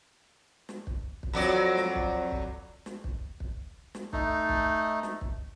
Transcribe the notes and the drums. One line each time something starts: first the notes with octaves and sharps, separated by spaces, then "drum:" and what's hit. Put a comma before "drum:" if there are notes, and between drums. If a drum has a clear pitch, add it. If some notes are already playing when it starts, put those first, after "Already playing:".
drum: snare
drum: kick
drum: kick
F2 F#3 D5
drum: snare
drum: kick
drum: kick
drum: snare
drum: kick
drum: kick
drum: snare
A3 D#4, drum: kick
drum: kick
drum: snare
drum: kick